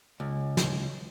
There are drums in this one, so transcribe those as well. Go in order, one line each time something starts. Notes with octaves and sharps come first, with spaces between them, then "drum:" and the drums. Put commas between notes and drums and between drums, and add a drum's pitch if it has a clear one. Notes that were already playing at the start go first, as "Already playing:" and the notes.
C#2
drum: snare